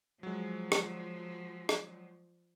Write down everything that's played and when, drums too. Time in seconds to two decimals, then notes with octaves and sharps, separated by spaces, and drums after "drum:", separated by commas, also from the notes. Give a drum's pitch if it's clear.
0.23 F3 F#3 G#3
0.72 drum: rim click
1.69 drum: rim click